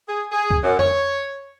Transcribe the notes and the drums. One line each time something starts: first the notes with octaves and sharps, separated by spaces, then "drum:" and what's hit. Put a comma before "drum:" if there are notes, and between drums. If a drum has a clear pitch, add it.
G#4
G#4
drum: kick C#2
F#2
C#5, drum: tom F2